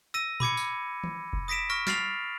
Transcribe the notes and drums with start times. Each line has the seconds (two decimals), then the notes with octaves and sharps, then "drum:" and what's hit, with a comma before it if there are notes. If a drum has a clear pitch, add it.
0.14 E6 A#6 D#7
0.40 B5 D6 G#6 C#7, drum: tom A2
0.57 drum: tambourine
1.04 drum: tom D#3
1.33 drum: kick F1
1.48 D#6 A#6 B6 D7 E7
1.70 C#6 F6 A#6 D7
1.87 F6 A6 C7 F7 F#7, drum: snare